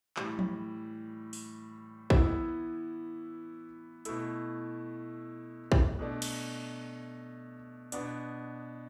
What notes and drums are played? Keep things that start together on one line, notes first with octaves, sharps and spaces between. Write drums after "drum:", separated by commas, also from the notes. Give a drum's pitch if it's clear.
A2 E3 G3, drum: clap
drum: tom F3
drum: open hi-hat
E3 B3 E4, drum: kick
B2 A3 E4, drum: hi-hat
drum: kick
B2 A3 D4
drum: cymbal
B2 B3 D4, drum: hi-hat